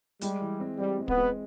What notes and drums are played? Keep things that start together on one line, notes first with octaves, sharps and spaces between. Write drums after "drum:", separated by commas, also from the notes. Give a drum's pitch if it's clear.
G3 G#3, drum: hi-hat
E3
C4
G3 C4
G#3
B3, drum: kick
G#3